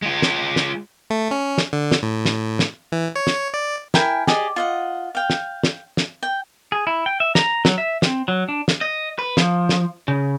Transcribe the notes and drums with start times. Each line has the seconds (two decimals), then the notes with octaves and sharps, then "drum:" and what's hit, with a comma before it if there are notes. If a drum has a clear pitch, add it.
0.02 G#3 F4
0.22 drum: snare
0.56 drum: snare
1.10 A3
1.31 C#4
1.58 drum: snare
1.73 D3
1.92 drum: snare
2.03 A2
2.25 drum: snare
2.59 drum: snare
2.92 E3
3.16 C#5
3.27 drum: snare
3.54 D5
3.94 E4 A#4 G5 G#5, drum: snare
4.27 G4 G#4 D5 D#5, drum: snare
4.56 F4 D#5 F#5
5.15 F5 G5
5.30 drum: snare
5.63 drum: snare
5.97 drum: snare
6.23 G5
6.72 G#4
6.87 E4
7.06 G5
7.20 E5
7.35 A#5, drum: snare
7.65 F#3, drum: snare
7.78 E5
8.02 C4, drum: snare
8.28 F#3
8.49 D4
8.68 drum: snare
8.81 D#5
9.19 B4
9.37 F3, drum: snare
9.69 drum: snare
10.08 C#3